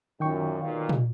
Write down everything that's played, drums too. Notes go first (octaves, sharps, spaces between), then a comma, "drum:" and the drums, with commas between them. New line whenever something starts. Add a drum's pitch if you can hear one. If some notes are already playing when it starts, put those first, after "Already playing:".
F#2 A#2 D#3 G5 C#6
B1 A#2 F5
drum: tom A#2